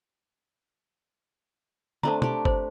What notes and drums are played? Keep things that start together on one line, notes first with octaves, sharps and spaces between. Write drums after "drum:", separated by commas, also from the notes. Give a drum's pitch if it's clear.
A3 C4 D4 A5 A#5, drum: tom
D4 G4, drum: tom
C5, drum: kick G1